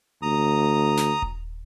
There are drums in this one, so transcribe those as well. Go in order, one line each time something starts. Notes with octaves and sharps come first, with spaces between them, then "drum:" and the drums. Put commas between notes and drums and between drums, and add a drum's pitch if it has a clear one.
D2 A#5 D#6
drum: snare
drum: kick D#1